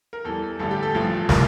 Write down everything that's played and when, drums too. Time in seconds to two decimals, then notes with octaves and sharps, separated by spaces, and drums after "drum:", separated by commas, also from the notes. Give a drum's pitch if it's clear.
0.13 A#4
0.25 E2 E3 G3 A4
0.59 A1 G2 D3 G3 A4
0.71 G4
0.83 A4
0.95 A1 G2 F3
1.29 A2 G3 A#4, drum: snare